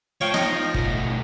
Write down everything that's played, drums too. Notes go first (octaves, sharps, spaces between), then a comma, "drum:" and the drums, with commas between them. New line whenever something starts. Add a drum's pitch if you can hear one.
F3 C#5 F5 G5
D#4, drum: snare
B2 A3, drum: kick